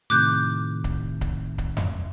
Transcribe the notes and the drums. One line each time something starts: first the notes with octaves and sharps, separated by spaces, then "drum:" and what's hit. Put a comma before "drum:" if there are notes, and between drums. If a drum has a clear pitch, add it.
A2 C3 D#3 D6 F#6 G6
drum: kick C#1
drum: kick C#1
drum: kick C#1
drum: tom F2